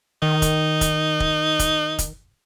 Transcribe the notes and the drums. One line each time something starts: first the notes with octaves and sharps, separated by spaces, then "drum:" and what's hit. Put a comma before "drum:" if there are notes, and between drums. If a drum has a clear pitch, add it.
D#3 D#4
drum: kick, hi-hat
drum: kick, hi-hat
drum: kick
drum: kick, hi-hat
drum: kick, hi-hat